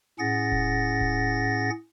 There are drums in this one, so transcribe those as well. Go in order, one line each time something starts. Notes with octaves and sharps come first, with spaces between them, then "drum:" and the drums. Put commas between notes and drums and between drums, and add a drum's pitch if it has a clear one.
A2 C#4 G#4 F#5 A6 A#6
drum: kick D#1
drum: kick D#1